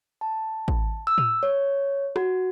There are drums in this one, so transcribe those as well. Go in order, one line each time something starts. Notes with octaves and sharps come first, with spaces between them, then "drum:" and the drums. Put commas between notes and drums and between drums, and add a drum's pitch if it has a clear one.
A5
drum: kick A1
E6
drum: tom A2
C#5
F#4, drum: rim click